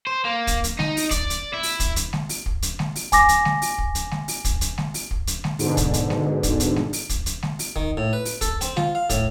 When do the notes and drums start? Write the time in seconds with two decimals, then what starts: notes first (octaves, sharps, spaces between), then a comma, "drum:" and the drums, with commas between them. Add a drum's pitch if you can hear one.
0.07 C5
0.25 A#3
0.47 drum: kick, hi-hat
0.64 drum: hi-hat
0.79 D#4, drum: snare G#3
0.97 drum: open hi-hat
1.11 D5, drum: kick, hi-hat
1.30 drum: hi-hat
1.54 E4
1.63 drum: open hi-hat
1.80 drum: kick, hi-hat
1.96 drum: hi-hat
2.13 drum: snare G#3
2.29 drum: open hi-hat
2.46 drum: kick
2.62 drum: hi-hat
2.79 drum: snare G#3
2.96 drum: open hi-hat
3.12 G#5 D6 A#6, drum: kick, hi-hat
3.29 drum: hi-hat
3.45 drum: snare G#3
3.62 drum: open hi-hat
3.78 drum: kick
3.95 drum: hi-hat
4.11 drum: snare G#3
4.28 drum: open hi-hat
4.45 drum: kick, hi-hat
4.61 drum: hi-hat
4.78 drum: snare G#3
4.94 drum: open hi-hat
5.11 drum: kick
5.27 drum: hi-hat
5.44 drum: snare G#3
5.59 G#2 B2 D3, drum: open hi-hat
5.77 drum: kick, hi-hat
5.94 drum: hi-hat
6.10 drum: snare G#3
6.43 drum: kick, hi-hat
6.60 drum: hi-hat
6.76 drum: snare G#3
6.93 drum: open hi-hat
7.09 drum: kick, hi-hat
7.26 drum: hi-hat
7.43 drum: snare G#3
7.59 drum: open hi-hat
7.76 D#3, drum: kick
7.97 A2
8.13 B4
8.25 drum: open hi-hat
8.41 A4, drum: kick, hi-hat
8.61 C4, drum: hi-hat
8.77 F4, drum: snare G#3
8.95 F5
9.10 A2, drum: kick, hi-hat